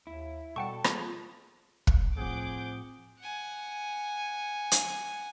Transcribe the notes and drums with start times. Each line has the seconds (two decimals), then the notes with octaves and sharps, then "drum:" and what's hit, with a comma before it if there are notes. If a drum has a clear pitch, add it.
0.07 D#2 E4
0.56 B2 G3 A4 F#5 G5 A5 C#6
0.84 A#3 F4 G4 G#4, drum: rim click
1.87 drum: kick
2.17 A2 F3 C4 G#4 F#5 D6 G6
3.20 F#5 G#5
4.71 drum: hi-hat